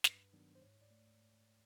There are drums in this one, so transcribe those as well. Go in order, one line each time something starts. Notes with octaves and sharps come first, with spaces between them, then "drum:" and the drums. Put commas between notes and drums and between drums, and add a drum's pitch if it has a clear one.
G2 B4, drum: snare
D#3 F#3 B3 D4
C5
G#2 C#5
D5
A3